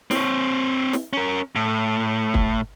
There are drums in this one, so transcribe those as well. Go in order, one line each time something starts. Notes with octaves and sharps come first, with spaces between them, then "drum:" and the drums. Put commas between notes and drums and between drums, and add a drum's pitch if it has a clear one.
C4 C#5, drum: snare
drum: snare
C#4 A#4
A2
drum: kick